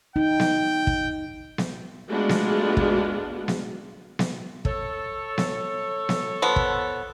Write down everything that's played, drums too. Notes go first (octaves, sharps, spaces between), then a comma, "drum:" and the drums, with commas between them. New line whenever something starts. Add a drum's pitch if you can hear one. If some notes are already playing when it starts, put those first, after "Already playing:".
D#4 G5
drum: snare B3
drum: kick
drum: snare B3
G#3 A3 B3 D4 F4 F#4
drum: snare B3
drum: kick
drum: snare B3
drum: snare B3
A4 C#5, drum: kick
drum: snare B3
drum: snare B3
F3 B3
drum: kick